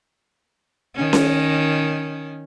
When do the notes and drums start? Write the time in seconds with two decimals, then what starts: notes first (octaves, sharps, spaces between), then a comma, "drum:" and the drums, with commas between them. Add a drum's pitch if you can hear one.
0.95 D#3 C#4
1.13 drum: snare C#4